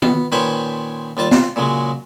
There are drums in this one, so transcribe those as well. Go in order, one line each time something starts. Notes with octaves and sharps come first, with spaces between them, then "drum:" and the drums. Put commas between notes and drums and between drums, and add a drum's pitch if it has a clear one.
B3, drum: tom
A#2 D#3 C#4 B4 C5 G#5
D#2 G3 F4 A5
F4, drum: snare
A#2 C#3 F#3 G#3